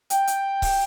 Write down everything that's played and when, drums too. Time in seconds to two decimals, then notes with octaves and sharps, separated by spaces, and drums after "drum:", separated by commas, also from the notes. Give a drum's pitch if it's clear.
0.10 G5, drum: hi-hat
0.27 drum: hi-hat
0.62 drum: kick C#1, open hi-hat